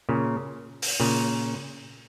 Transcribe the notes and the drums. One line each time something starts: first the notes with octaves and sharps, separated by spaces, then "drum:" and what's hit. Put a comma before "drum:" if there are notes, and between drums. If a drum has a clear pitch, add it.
A#2 C#3
drum: open hi-hat
A#2 C#3